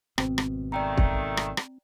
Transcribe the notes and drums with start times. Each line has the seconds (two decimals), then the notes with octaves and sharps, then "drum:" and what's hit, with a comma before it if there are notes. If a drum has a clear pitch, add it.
0.18 G#1 B2 C4, drum: rim click
0.38 drum: rim click
0.72 D#3 A3 D5 G5 A#5
0.97 drum: kick
1.37 drum: rim click
1.57 drum: rim click